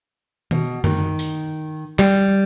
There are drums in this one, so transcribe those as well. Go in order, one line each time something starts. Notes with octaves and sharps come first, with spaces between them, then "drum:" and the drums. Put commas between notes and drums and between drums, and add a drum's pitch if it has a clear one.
B2, drum: tom D#3
D#3, drum: tom F#2
drum: open hi-hat
G3, drum: clap